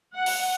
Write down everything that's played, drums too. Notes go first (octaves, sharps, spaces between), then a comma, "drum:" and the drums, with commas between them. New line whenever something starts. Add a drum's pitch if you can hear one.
F#5
drum: open hi-hat